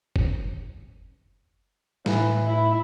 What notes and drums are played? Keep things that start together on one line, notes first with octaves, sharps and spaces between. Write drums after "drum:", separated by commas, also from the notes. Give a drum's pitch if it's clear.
drum: kick F#1
A2 E3, drum: snare
E4